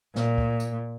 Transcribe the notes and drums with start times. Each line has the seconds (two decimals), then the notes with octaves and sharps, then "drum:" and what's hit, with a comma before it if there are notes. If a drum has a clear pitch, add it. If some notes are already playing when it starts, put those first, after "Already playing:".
0.16 A#2, drum: snare
0.38 drum: kick
0.60 drum: tambourine